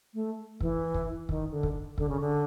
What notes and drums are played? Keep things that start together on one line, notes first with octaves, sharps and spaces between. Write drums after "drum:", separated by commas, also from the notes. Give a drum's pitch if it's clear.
A3
E3, drum: kick
drum: kick
D#3, drum: kick
D3
drum: kick
D3, drum: kick
C#3
D3